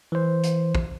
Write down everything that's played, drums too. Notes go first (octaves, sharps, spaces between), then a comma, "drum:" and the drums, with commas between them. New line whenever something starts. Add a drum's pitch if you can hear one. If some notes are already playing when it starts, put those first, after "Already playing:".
E3 C5
drum: hi-hat
drum: kick